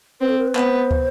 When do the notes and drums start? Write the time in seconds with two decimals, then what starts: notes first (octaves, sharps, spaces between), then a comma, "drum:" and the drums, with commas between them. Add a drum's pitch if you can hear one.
0.21 C4 B4
0.29 A4
0.39 A#4
0.48 B4
0.55 B3 C5, drum: clap
0.91 drum: kick